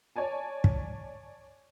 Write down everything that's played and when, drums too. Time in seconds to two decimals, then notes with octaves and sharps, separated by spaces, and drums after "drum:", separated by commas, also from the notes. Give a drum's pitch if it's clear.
0.16 C#5 D5 G#5 A5
0.64 drum: kick